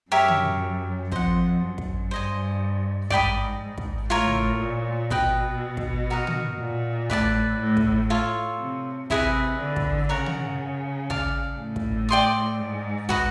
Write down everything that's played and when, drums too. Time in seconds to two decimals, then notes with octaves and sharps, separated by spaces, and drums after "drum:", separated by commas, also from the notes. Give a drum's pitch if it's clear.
0.12 F#2 G4 A#4 C#5 E5
0.28 drum: tom
1.12 F2 C5 D#5 F#5, drum: kick
1.61 F#2
1.78 drum: kick
2.11 G2 C5 D#5 G#5
3.10 G#2 D5 G5 B5 D#6, drum: kick
3.61 G#2
3.78 drum: kick
4.10 A2 F4 A#4 C#5
4.27 drum: tom
4.60 A#2
5.10 B2 B4 D#5 G5, drum: kick
5.77 drum: kick
6.10 F#4 A#4 D#5 F#5
6.27 drum: tom
6.60 A#2
7.10 A2 B4 D5 F5 A5, drum: kick
7.60 A2
7.77 drum: kick
8.10 F4 A4 C#5
8.60 C3
9.10 C3 E4 G#4 B4 D#5, drum: kick
9.59 D3
9.76 drum: kick
10.09 C#3 A#4 C#5 F#5 A#5
10.26 drum: tom
11.10 D5 F5 A5, drum: kick
11.60 A2
11.76 drum: kick
12.09 D5 G5 C6 D#6
12.60 G#2
13.09 F#4 B4 D#5, drum: kick